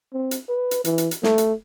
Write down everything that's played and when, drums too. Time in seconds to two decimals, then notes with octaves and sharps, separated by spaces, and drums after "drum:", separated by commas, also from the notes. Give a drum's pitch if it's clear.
0.13 C4
0.31 drum: hi-hat
0.49 B4
0.71 drum: hi-hat
0.85 E3, drum: hi-hat
0.98 drum: hi-hat
1.11 drum: hi-hat
1.23 A3, drum: snare
1.38 drum: hi-hat